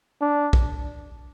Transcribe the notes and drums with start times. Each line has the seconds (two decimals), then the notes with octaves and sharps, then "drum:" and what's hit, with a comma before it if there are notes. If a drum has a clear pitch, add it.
0.21 D4
0.53 drum: kick